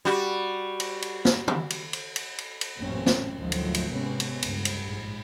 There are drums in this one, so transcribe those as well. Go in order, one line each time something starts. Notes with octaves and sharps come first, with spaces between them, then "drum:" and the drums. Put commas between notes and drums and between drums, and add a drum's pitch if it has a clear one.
G3 F#4
drum: cymbal
drum: cymbal
drum: snare
drum: tom
drum: cymbal
drum: cymbal
drum: cymbal
drum: cymbal
drum: cymbal
A1 F#2 A#2 A3 C4 C#4
drum: snare
G#1 D2 D#3 F3 F#3 A3
drum: cymbal
drum: cymbal
C3 G#3 A#3 B3 C#4
drum: cymbal
C#2 G2, drum: cymbal
drum: cymbal
A#1 G#2 G#3